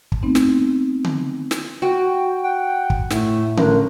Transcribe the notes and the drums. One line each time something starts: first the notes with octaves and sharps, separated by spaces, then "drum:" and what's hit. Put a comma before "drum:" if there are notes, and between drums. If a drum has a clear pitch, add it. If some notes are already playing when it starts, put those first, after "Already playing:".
drum: kick
A3 B3 C4 D#4
drum: snare
drum: tom D3
drum: snare
F#4 G5
F#5 G5
drum: kick
A2 A3, drum: snare
A1 D4 A#4, drum: tom D3